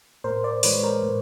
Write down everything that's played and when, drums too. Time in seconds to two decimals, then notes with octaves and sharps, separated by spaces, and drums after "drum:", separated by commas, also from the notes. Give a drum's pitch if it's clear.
0.24 A2 A#4 C5
0.44 C5 D5
0.63 E3 G#3 B4 C#5, drum: open hi-hat
0.83 A#4 C5
1.03 A2